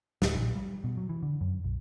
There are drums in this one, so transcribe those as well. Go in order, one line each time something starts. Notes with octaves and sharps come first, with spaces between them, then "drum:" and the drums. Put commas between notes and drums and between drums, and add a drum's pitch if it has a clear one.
D1, drum: snare
A#1
G3
B2
F#3
E3
D3
F#2
B1